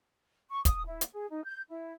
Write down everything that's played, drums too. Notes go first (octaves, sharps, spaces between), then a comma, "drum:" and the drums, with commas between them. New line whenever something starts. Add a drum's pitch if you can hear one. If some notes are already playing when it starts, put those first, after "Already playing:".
C#6
D#6, drum: kick, hi-hat
E4
drum: hi-hat
G#4
D#4
G6
E4